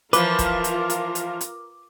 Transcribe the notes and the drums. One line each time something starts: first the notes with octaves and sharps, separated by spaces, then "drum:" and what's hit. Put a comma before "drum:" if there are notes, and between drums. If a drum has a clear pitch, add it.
E3 F3 F4 A#4 B4 D6, drum: hi-hat
drum: kick, hi-hat
drum: hi-hat
drum: hi-hat
drum: hi-hat
drum: hi-hat